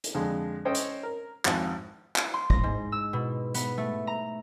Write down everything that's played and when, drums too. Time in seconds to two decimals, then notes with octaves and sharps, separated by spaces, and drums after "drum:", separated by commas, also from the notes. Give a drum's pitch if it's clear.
0.04 drum: hi-hat
0.15 F2 D3 G#3
0.65 C#4 A4 C5 C#5 D#5 G5
0.75 drum: hi-hat
1.03 A#4
1.45 G#1 F2 G#2 F#5 A5 F#6, drum: clap
2.16 drum: clap
2.34 C6
2.50 A#6, drum: kick
2.63 G#2
2.92 E6
3.13 B2
3.54 B3, drum: hi-hat
3.78 A3
4.07 A#5